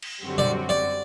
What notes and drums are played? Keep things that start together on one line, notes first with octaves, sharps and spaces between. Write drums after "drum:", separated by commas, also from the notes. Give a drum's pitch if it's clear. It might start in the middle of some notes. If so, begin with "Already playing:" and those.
drum: cymbal
F#2 D3 G3 C4 F#4
D5, drum: tom A#2
D5